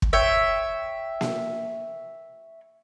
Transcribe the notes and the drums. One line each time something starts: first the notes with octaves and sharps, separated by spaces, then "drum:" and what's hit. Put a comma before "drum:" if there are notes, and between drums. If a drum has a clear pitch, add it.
drum: kick
C#5 E5 G5
drum: snare A#3